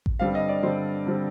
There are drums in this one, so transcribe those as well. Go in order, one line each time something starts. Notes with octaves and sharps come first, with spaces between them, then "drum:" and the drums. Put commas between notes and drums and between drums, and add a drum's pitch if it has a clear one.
drum: kick A1
G2 D3 G3 C4 F5
D#5
D5
G2 D3 G3 C4 C5
D3 G3 C4